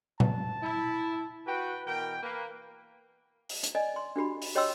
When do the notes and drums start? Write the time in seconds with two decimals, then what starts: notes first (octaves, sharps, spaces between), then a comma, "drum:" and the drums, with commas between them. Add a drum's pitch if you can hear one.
0.20 A5, drum: tom A#2
0.63 E4
1.47 F#4 B4 G5
1.87 B2 E3 A#4 G5
2.23 A#3 B4
3.49 drum: open hi-hat
3.63 drum: hi-hat
3.75 D5 D#5 G#5
3.96 C6
4.16 D4 F#4 G4 B5
4.42 drum: open hi-hat
4.55 G4 C#5 D#5 G5 C6 E6